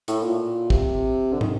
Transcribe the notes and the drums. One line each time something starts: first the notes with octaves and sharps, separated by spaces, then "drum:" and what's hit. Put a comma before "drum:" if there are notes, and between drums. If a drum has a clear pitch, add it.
A2, drum: hi-hat
A#2
C3, drum: kick
D3
D#3, drum: tom